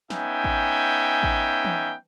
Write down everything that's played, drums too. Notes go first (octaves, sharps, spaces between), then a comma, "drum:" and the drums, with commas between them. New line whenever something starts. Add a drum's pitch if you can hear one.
B3 C#4 D#4 E5 G5 G#5, drum: snare
drum: kick A1
drum: kick A1
drum: tom E3